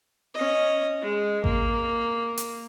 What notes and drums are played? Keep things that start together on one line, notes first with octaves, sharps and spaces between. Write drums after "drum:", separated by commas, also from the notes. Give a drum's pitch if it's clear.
C#4 D#5
G#3
A#3, drum: kick A1
drum: hi-hat